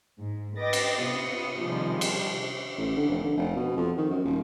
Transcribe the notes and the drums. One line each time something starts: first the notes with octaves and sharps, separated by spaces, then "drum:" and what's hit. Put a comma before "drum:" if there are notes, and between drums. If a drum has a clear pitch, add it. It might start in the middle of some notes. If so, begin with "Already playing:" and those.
G#2
B4 D#5 G5 D6 A6 A#6
drum: cymbal
C3 B3 F4 D#6 C#7
C3 D#3 F3 G3 G#3
drum: cymbal
A1
D3
F1
D3
F1
B2
F2
D#3
F#2
D#1